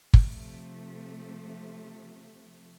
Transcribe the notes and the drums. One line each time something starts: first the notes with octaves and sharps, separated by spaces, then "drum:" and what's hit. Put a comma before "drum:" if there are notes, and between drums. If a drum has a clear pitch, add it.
drum: kick
C3 F3 A3